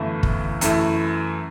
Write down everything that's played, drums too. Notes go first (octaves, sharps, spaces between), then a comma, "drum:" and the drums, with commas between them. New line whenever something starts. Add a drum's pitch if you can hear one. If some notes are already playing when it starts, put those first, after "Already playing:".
Already playing: G1 F#2 E3 A3 E4
drum: kick
F#2 E3 A3 E4, drum: hi-hat